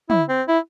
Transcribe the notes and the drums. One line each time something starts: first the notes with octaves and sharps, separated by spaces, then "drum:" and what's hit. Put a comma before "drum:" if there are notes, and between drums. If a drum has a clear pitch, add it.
E4, drum: tom
C4
E4